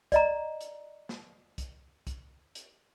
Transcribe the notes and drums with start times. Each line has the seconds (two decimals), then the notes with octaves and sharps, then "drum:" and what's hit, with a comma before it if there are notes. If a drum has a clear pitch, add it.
0.12 D5 D#5 A#5, drum: kick, hi-hat
0.61 drum: hi-hat
1.09 drum: snare
1.58 drum: kick, hi-hat
2.07 drum: kick, hi-hat
2.55 drum: hi-hat